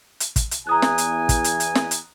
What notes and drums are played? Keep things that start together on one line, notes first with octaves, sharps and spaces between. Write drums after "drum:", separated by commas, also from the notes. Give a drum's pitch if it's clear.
drum: hi-hat
drum: kick, hi-hat
drum: hi-hat
E2 G#5 A#5 D#6 F#6
drum: snare
drum: hi-hat
drum: kick, hi-hat
drum: hi-hat
drum: hi-hat
drum: snare
drum: hi-hat